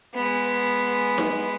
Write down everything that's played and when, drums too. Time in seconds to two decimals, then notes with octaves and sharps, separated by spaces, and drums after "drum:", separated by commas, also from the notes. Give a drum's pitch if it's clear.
0.14 G#3 B3
1.18 drum: snare D#4